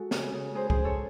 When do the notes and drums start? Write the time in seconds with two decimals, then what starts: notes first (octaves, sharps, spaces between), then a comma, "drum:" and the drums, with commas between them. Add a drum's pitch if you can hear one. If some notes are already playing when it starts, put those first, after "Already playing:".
Already playing: G#3 F#4 A4
0.11 C#3, drum: snare
0.33 C#3
0.54 G#3 G#4 C5
0.70 G#4 C5, drum: kick C2
0.78 C#3
0.85 A4 C#5